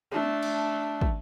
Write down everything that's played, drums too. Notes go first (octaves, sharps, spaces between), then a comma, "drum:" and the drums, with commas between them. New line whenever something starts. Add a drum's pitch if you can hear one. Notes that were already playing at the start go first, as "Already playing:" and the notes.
A3 D4, drum: tom
drum: cymbal
drum: kick